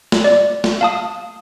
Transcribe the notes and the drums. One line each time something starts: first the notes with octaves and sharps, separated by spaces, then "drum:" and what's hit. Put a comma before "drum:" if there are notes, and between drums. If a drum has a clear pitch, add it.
drum: snare
D5
drum: snare
F5 A5 D#6